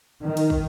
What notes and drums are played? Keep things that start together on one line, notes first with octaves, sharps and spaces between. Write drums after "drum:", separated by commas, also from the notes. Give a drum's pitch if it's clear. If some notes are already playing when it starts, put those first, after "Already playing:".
D#3
drum: cymbal
drum: kick